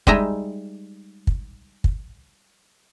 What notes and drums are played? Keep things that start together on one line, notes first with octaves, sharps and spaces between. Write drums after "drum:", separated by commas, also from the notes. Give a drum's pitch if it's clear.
G3 G#3 D#4 E5 G#5 A#5, drum: kick
drum: kick
drum: kick